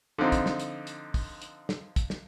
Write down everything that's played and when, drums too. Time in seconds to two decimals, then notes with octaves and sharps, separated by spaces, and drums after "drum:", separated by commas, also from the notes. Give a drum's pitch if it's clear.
0.18 D3 F3 C4 D#4
0.32 drum: kick, hi-hat
0.46 drum: snare
0.60 drum: hi-hat
0.87 drum: hi-hat
1.14 drum: kick, open hi-hat
1.42 drum: hi-hat
1.69 drum: snare
1.96 drum: kick, hi-hat
2.10 drum: snare